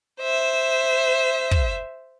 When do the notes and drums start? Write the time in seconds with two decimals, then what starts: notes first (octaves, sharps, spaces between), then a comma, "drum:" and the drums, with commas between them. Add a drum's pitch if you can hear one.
0.20 C5 E5
1.51 drum: kick